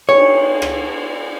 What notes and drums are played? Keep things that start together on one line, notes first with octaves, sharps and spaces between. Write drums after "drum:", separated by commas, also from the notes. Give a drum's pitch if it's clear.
C#5, drum: cymbal
drum: rim click